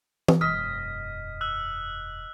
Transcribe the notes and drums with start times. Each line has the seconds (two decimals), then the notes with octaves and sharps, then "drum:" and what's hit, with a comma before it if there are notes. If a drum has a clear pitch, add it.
0.28 drum: tom
0.41 E1 F#2 D#5 F6 B6
1.41 E6 F#6